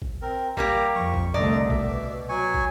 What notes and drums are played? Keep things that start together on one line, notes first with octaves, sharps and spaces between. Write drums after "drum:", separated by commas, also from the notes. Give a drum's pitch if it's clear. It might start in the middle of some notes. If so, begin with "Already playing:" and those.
drum: kick
C4 A#4
G3 A#3 G4 A#5, drum: kick
F2 C#6
drum: kick
C2 D3 A3 D4 D5 D#5 A#5
B2 E5, drum: kick
F#3 G#5 C#6
drum: kick